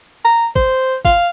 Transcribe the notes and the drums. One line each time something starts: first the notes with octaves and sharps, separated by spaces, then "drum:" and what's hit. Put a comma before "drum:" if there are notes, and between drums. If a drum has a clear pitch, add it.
A#5
C5, drum: kick
F5, drum: kick